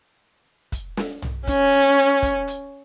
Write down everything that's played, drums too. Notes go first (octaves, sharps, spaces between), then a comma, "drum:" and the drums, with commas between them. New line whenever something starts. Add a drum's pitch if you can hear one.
drum: kick, hi-hat
drum: snare
drum: tom
C#4, drum: kick, hi-hat
drum: hi-hat
drum: kick, hi-hat
drum: hi-hat